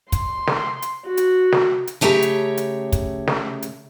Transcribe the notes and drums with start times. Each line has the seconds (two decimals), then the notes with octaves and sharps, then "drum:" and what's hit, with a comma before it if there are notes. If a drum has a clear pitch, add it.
0.12 C6, drum: kick, hi-hat
0.47 drum: snare
0.82 drum: hi-hat
1.07 F#4
1.17 drum: hi-hat
1.52 drum: snare
1.87 drum: hi-hat
2.01 C#3 A3 G4 C#5 A#5
2.22 drum: hi-hat
2.57 drum: hi-hat
2.92 drum: kick, hi-hat
3.27 drum: snare
3.62 drum: hi-hat